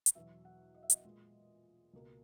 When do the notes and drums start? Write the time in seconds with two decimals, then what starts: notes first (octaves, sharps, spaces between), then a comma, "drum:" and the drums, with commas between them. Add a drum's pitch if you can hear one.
0.06 drum: hi-hat
0.15 E2 B2 F#3 E5
0.45 F#5
0.75 D#5
0.83 E5
0.90 D#5, drum: hi-hat
1.04 A#2 G#3
1.93 C#2 B2 A#3